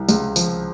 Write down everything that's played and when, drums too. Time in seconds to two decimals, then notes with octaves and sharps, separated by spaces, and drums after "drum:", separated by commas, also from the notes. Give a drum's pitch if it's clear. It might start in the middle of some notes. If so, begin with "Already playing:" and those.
Already playing: C2
0.09 C#2, drum: tambourine
0.36 F3, drum: tambourine